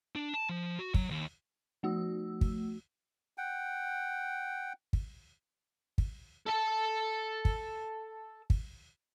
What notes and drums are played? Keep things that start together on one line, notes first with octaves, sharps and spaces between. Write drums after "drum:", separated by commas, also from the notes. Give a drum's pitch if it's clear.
D4
A5
F3
F#4
F#3, drum: kick
D#2
F3 A3 F#4 E6
drum: kick
F#5 G5
drum: kick
drum: kick
A4 A5
drum: kick
drum: kick